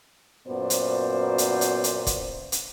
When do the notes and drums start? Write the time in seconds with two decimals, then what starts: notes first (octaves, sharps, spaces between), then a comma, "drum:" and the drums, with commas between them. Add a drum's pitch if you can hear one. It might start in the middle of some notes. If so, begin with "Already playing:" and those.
0.47 F#2 A#2 B3 F#4 C5 D5
0.70 drum: hi-hat
1.38 drum: hi-hat
1.61 drum: hi-hat
1.84 drum: hi-hat
2.07 drum: kick, hi-hat
2.52 drum: hi-hat